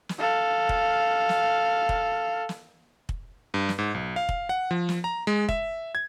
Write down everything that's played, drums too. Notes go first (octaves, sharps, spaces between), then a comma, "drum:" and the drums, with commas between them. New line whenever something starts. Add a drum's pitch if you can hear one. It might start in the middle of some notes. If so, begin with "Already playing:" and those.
drum: snare
A4 F5
drum: kick
drum: snare
drum: kick
drum: snare
drum: kick
G2
drum: snare
G#2
B1
F5
drum: kick
F#5
F3
drum: snare
A#5
G#3
E5, drum: kick
G#6